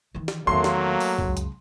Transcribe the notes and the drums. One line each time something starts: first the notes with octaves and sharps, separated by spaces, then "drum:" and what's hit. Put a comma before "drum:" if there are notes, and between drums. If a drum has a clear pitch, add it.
D#3 E3
drum: snare
E2 D#3 F#3 A3 A#3 C6
drum: snare
drum: open hi-hat
C#2 F#2, drum: kick A#1
drum: hi-hat